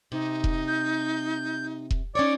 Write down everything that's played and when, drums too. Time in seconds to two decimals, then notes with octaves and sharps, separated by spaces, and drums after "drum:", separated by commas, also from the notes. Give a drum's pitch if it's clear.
0.12 C3 D#4
0.44 drum: kick E1
0.68 G6
1.91 drum: kick E1
2.15 C#4 D#4 C#5 D5 D6